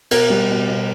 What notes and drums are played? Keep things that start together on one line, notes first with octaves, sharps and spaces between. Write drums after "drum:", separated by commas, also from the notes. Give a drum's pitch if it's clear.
B2 A#4, drum: cymbal
G3
B2
B2